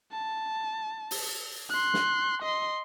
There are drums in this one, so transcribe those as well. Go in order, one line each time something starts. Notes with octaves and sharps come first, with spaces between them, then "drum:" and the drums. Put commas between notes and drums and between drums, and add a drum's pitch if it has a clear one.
A5
drum: open hi-hat
C6 F#6
drum: snare
D#5 C6